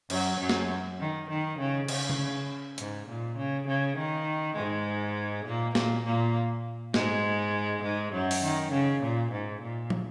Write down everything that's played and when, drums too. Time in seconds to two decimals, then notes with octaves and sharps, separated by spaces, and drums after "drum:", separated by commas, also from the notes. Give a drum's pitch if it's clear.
0.10 F#2 F#3, drum: cymbal
0.40 F#2 F#3
0.49 drum: snare
1.00 D#3
1.29 D#3
1.59 C#3
1.88 C#3, drum: cymbal
2.10 drum: tom C#3
2.78 G#2, drum: hi-hat
3.08 A#2
3.37 C#3
3.67 C#3
3.97 D#3
4.56 G#2 G#3
5.45 A#2 A#3
5.75 A#2 A#3, drum: snare
6.05 A#2 A#3
6.94 G#2 G#3, drum: snare
7.82 G#2 G#3
8.13 F#2 F#3
8.31 drum: open hi-hat
8.42 D#3
8.73 C#3
9.03 A#2
9.32 G#2
9.62 A#2
9.90 drum: tom